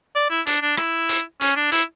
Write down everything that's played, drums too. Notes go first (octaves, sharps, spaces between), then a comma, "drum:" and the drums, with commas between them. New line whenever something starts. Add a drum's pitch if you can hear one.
D5
E4
D4, drum: hi-hat
D4
E4, drum: rim click
drum: hi-hat
C#4, drum: hi-hat
D4
E4, drum: hi-hat